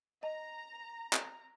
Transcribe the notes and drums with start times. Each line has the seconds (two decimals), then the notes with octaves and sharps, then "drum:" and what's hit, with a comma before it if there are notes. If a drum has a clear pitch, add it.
0.23 D#5 A#5
1.13 drum: clap